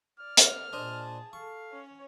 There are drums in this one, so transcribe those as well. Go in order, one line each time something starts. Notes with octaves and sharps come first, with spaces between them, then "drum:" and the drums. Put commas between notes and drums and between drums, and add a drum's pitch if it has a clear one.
D5 F6
drum: hi-hat
A#2 D4 G#4 C5 D#5 A5
A4 F5 C#6
C#4 C#5